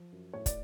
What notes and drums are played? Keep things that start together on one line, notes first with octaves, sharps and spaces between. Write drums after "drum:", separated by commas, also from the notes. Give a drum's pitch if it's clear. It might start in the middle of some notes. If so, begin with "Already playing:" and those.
Already playing: F3
F#2
A2 C#5
D5, drum: kick, hi-hat